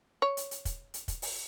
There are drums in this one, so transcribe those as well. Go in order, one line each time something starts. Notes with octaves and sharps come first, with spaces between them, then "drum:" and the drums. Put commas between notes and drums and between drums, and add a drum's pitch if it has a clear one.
C#5
drum: hi-hat
drum: hi-hat
drum: kick, hi-hat
drum: hi-hat
drum: kick, hi-hat
drum: open hi-hat